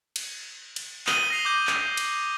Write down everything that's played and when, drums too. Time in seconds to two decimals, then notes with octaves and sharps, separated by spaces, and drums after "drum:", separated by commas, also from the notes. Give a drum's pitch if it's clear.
0.16 drum: cymbal
0.76 drum: cymbal
1.07 D#6 D#7 F#7 G7, drum: clap
1.30 A#6 C7 F7
1.45 D6 G6
1.67 drum: clap
1.97 drum: cymbal